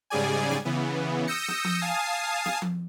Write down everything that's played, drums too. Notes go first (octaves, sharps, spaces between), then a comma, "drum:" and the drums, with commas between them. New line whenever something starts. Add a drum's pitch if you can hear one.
G#2 C#3 G3 G#4 D5 G#5
drum: snare
C#3 E3 B3
D#6 E6 G6 A#6 C#7
drum: snare
drum: tom F3
F5 G#5 A5 D#6 C7
drum: snare
drum: tom F3